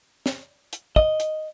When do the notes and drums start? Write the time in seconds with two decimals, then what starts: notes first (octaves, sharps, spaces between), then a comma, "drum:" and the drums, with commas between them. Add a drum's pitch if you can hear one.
0.26 drum: snare
0.73 drum: hi-hat
0.96 D#5, drum: kick
1.20 drum: hi-hat